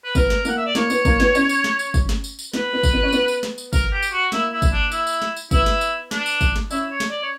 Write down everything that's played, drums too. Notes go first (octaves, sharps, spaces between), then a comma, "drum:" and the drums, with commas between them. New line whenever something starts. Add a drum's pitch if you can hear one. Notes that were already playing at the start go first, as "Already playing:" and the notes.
B4
B3 A#4, drum: kick, tambourine
drum: snare
A#3 F#5, drum: tambourine
E5
D5
A#3 C#5, drum: snare
B3, drum: tambourine
A#3, drum: kick, tambourine
B3, drum: snare
C#4, drum: tambourine
drum: tambourine
drum: snare
drum: tambourine
drum: kick, tambourine
drum: snare
drum: tambourine
drum: tambourine
B3 B4, drum: snare
B3
drum: kick, tambourine
B3
C#4
B3, drum: tambourine
drum: tambourine
drum: snare
drum: tambourine
A#4, drum: kick, tambourine
G4
drum: tambourine
F#4
A#3 E4, drum: snare
E4
drum: kick, tambourine
D4
E4, drum: tambourine
drum: tambourine
drum: snare
drum: tambourine
B3 E4, drum: kick, tambourine
drum: snare
drum: tambourine
D4, drum: snare
drum: tambourine
drum: kick, tambourine
drum: snare
C#4 E4, drum: tambourine
C#5
drum: snare
D5
C#5